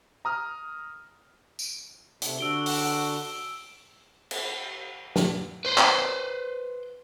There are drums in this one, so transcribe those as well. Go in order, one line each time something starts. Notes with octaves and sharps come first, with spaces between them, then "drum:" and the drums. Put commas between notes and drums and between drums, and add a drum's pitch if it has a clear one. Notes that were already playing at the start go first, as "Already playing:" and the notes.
A#5 D#6 F6
drum: tambourine
C3 A3, drum: hi-hat
D3 D4 F#4 E6 D7 G7
drum: open hi-hat
drum: cymbal
drum: snare
B4 C5
drum: clap